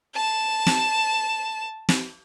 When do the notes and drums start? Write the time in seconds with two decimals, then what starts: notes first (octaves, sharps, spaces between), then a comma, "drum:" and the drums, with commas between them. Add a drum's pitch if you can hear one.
0.14 A5 E7
0.67 drum: snare
1.89 drum: snare